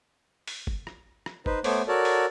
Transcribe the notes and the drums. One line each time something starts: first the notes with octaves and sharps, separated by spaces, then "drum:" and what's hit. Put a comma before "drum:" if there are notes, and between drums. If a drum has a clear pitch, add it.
drum: open hi-hat
drum: kick
drum: rim click
drum: rim click
D#4 B4 C5, drum: kick
A3 B3 C5 C#5 D6, drum: open hi-hat
F#4 A4 A#4 C#5 D5 A5
drum: open hi-hat